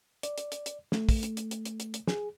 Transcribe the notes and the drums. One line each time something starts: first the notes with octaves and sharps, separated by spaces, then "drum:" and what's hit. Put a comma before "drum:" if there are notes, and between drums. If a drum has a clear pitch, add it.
D5, drum: hi-hat
drum: hi-hat
drum: hi-hat
drum: hi-hat
A3, drum: snare
drum: kick, open hi-hat
drum: hi-hat
drum: hi-hat
drum: hi-hat
drum: hi-hat
drum: hi-hat
drum: hi-hat
G#4, drum: snare